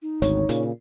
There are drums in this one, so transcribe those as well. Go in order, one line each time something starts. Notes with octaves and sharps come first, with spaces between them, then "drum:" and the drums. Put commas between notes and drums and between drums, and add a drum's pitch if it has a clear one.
D#4
G#1 D2 C#5, drum: hi-hat
A#2 C#3, drum: hi-hat